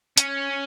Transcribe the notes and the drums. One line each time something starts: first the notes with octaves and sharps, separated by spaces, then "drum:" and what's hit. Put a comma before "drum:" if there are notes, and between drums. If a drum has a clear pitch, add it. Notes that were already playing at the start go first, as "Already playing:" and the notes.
C#4, drum: hi-hat